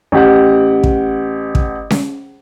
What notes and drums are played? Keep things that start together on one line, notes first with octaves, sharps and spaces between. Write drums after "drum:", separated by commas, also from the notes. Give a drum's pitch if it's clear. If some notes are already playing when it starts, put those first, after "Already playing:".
A1 G4 F#5
drum: kick
drum: kick
drum: snare C#4